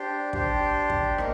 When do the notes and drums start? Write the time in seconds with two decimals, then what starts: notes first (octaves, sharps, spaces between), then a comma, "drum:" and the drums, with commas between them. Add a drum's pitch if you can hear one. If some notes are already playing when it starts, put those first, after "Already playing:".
Already playing: D4 G4 C5
0.33 D4 G4 C5, drum: kick
0.90 drum: kick
1.18 A#3 D#4, drum: rim click